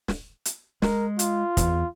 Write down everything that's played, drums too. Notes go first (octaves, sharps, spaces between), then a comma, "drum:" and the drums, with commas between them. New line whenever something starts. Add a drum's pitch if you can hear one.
drum: snare
drum: hi-hat
G#3 A#4, drum: snare
F4, drum: hi-hat
E2, drum: kick, hi-hat